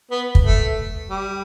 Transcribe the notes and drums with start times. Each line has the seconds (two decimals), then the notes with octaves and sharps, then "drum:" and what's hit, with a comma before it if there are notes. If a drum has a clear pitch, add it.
0.11 B3
0.35 drum: kick
0.44 A3
1.10 G3